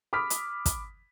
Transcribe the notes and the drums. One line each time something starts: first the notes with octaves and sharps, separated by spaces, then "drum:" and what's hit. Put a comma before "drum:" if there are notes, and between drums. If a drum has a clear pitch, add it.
B5 D6 D#6 F6 B6
drum: hi-hat
drum: kick, hi-hat